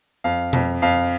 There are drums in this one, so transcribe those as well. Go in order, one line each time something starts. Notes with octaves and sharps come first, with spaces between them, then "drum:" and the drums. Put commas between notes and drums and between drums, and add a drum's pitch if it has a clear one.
F2 F5
F2, drum: tom B2
F2 F5